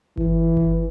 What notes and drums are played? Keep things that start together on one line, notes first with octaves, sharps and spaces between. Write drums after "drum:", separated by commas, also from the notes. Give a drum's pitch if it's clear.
E3, drum: kick G1
drum: kick G1